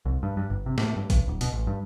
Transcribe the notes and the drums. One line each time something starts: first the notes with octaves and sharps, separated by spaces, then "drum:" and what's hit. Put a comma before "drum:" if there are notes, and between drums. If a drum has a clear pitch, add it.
C2
G2
G2
G1
C3
A2, drum: snare
G2
B1, drum: kick A1, hi-hat
D1
B2, drum: hi-hat
A1
G2